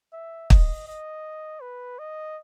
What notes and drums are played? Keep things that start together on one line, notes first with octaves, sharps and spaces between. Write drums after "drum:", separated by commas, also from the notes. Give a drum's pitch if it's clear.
E5
D#5, drum: kick
D#5
B4
D#5